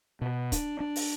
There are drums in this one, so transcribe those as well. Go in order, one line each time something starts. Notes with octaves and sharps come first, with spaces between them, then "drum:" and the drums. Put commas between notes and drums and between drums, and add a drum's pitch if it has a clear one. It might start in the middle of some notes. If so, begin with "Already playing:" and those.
B2
D4, drum: kick, hi-hat
D4
drum: open hi-hat